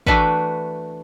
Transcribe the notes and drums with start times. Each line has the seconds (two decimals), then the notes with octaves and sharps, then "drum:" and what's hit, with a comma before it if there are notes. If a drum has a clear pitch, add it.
0.06 E3 A3 D4 F#4 B4, drum: kick